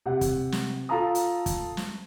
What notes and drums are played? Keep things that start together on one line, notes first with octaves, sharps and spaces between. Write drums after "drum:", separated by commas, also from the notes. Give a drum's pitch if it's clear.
C3 F#5
drum: kick, hi-hat
drum: snare
F4 A4 F5 A5 A#5 D#6
drum: hi-hat
drum: kick, hi-hat
drum: snare